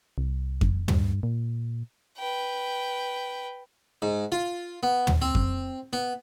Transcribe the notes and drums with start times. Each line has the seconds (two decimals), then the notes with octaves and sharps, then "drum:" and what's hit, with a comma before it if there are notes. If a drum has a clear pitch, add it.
0.18 C2
0.61 drum: kick F2
0.88 G2, drum: tom
1.23 A#2
2.18 B4 G5
4.02 G#2
4.32 F4
4.83 B3
5.07 drum: tom
5.22 C4
5.35 drum: kick F2
5.93 B3